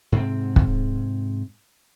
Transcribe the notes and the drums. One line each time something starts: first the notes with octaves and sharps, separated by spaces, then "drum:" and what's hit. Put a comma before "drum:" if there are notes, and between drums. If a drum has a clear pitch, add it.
G#2 C3 C4
drum: kick